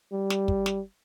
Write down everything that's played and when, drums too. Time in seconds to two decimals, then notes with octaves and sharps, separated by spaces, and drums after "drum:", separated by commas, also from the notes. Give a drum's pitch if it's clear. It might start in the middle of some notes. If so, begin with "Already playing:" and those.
0.13 G3
0.30 drum: snare
0.48 drum: kick
0.66 drum: snare